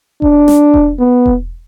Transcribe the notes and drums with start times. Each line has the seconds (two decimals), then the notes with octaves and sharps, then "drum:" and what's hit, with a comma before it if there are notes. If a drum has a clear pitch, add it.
0.22 D4, drum: kick E1
0.48 drum: snare
0.74 drum: kick E1
1.00 B3
1.26 drum: kick E1